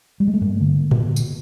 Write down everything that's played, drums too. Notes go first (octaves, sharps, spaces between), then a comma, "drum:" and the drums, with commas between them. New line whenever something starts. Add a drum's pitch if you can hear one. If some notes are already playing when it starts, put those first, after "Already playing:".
G3
G#3
A3
G2 A#3
D3
drum: tom A2
drum: tambourine